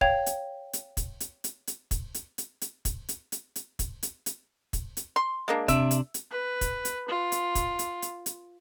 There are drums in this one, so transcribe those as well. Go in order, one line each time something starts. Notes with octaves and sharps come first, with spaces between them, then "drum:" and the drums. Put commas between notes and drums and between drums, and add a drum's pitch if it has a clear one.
C#5 F5 G5 G#6 F7, drum: kick
drum: hi-hat
drum: hi-hat
drum: kick, hi-hat
drum: hi-hat
drum: hi-hat
drum: hi-hat
drum: kick, hi-hat
drum: hi-hat
drum: hi-hat
drum: hi-hat
drum: kick, hi-hat
drum: hi-hat
drum: hi-hat
drum: hi-hat
drum: kick, hi-hat
drum: hi-hat
drum: hi-hat
drum: kick, hi-hat
drum: hi-hat
C6
G#3 A#3 D4
C3 D4 E5, drum: kick, hi-hat
drum: hi-hat
drum: hi-hat
B4
drum: kick, hi-hat
drum: hi-hat
F4
drum: hi-hat
drum: kick, hi-hat
drum: hi-hat
drum: hi-hat
drum: hi-hat